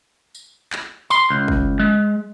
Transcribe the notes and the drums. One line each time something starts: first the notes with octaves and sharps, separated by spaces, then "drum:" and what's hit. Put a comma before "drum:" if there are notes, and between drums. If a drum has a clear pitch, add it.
drum: tambourine
drum: clap
C6, drum: tambourine
C#2
drum: kick
G#3